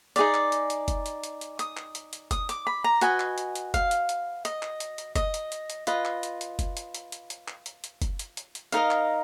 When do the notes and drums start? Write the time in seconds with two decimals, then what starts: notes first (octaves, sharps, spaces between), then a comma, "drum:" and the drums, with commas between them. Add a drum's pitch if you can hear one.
0.16 D#4 G#4 D5 D6, drum: hi-hat
0.34 drum: clap
0.52 drum: hi-hat
0.70 drum: hi-hat
0.88 drum: kick F#1, hi-hat
1.06 drum: hi-hat
1.24 drum: hi-hat
1.41 drum: hi-hat
1.59 D#6, drum: hi-hat
1.77 drum: clap
1.95 drum: hi-hat
2.13 drum: hi-hat
2.31 D#6, drum: kick F#1, hi-hat
2.49 D6, drum: hi-hat
2.67 B5
2.84 A#5
3.01 F#4 B4 D#5 G#5, drum: hi-hat
3.20 drum: clap
3.38 drum: hi-hat
3.55 drum: hi-hat
3.74 F5, drum: kick F#1, hi-hat
3.91 drum: hi-hat
4.09 drum: hi-hat
4.45 D#5, drum: hi-hat
4.63 drum: clap
4.80 drum: hi-hat
4.98 drum: hi-hat
5.16 D#5, drum: kick F#1, hi-hat
5.34 drum: hi-hat
5.52 drum: hi-hat
5.70 drum: hi-hat
5.87 F4 B4 D#5, drum: hi-hat
6.05 drum: clap
6.23 drum: hi-hat
6.41 drum: hi-hat
6.59 drum: kick F#1, hi-hat
6.77 drum: hi-hat
6.94 drum: hi-hat
7.12 drum: hi-hat
7.30 drum: hi-hat
7.48 drum: clap
7.66 drum: hi-hat
7.84 drum: hi-hat
8.02 drum: kick F#1, hi-hat
8.19 drum: hi-hat
8.37 drum: hi-hat
8.55 drum: hi-hat
8.72 D#4 A#4 D#5 F5, drum: hi-hat
8.91 drum: clap